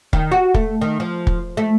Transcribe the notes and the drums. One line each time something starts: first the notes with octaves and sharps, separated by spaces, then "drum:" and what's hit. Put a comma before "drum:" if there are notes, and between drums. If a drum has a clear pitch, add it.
D#3, drum: kick
F#4
A3, drum: kick
D#3
F3
drum: kick
A3